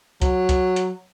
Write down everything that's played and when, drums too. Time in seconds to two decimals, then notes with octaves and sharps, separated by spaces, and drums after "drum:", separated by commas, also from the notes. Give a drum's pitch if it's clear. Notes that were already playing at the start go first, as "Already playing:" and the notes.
0.22 F#3, drum: kick C2, hi-hat
0.49 drum: kick C2, hi-hat
0.76 drum: hi-hat